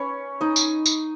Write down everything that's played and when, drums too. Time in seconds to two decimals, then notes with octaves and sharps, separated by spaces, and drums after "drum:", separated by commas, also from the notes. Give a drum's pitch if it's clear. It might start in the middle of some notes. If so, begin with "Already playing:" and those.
Already playing: C#4 B4 C#5
0.41 D#4 D#5
0.56 drum: tambourine
0.86 drum: tambourine